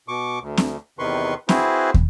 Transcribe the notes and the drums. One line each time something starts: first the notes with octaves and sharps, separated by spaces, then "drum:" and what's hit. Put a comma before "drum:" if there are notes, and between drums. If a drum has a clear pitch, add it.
B2 C#6 D6
D2
drum: snare C4
E2 C3 D#3 B4 C6 C#6
C4 E4 F#4 G#4 B4 C5, drum: snare C4
drum: kick